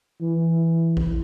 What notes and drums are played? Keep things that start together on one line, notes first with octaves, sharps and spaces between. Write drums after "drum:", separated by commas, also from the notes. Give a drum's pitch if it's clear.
E3
drum: kick G#1